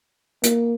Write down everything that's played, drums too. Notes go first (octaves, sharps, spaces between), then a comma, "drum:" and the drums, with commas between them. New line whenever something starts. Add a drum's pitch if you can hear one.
A#3, drum: hi-hat